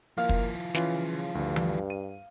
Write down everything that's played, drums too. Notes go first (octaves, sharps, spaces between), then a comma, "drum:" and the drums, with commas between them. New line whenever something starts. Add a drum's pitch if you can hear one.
F3 A#3 E4 F5
drum: kick
C#3 E3 C#4 F4, drum: snare
D2 G2
drum: tom E3
D#7